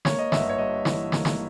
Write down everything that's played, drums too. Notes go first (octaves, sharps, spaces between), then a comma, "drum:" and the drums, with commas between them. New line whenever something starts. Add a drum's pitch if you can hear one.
A#3 C#5, drum: snare
D#5
G1 E5, drum: snare
C#5
G2 D#5
E3, drum: snare
A#3, drum: snare
drum: snare